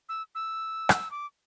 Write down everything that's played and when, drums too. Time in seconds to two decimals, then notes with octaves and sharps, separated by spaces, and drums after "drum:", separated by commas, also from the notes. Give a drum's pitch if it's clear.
0.09 E6
0.35 E6
0.89 drum: rim click
1.11 D6